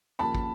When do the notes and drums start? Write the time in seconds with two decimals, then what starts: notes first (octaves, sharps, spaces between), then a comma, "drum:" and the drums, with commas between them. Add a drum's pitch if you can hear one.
0.19 D#2 C#3 F3 A#3 A5 B5
0.35 drum: kick